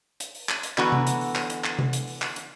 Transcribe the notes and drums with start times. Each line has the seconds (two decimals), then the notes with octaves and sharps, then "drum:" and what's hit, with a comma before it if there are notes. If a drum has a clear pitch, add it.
0.20 drum: hi-hat
0.35 drum: open hi-hat
0.49 drum: clap
0.63 drum: hi-hat
0.78 D3 E3 B3 F#4 A#5, drum: clap
0.92 drum: tom C3
1.07 drum: hi-hat
1.21 drum: open hi-hat
1.35 drum: clap
1.50 drum: hi-hat
1.64 drum: clap
1.79 drum: tom C3
1.93 drum: hi-hat
2.07 drum: open hi-hat
2.22 drum: clap
2.36 drum: hi-hat